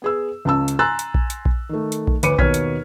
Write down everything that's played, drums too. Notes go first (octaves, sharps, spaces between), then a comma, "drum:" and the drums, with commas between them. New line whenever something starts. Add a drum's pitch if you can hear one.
B3 G#4 E6
C#2 C#3 A5 E6
drum: hi-hat
G#5 A#5 C6 E6 F#6 A6
drum: hi-hat
drum: kick A#1
drum: hi-hat
drum: kick A#1
D#3 A3
drum: hi-hat
drum: kick A#1
D2 B4 C#5 D6 C#7 D#7, drum: hi-hat
D#2 B2 C#5 F6 G#6 B6, drum: kick A#1
drum: hi-hat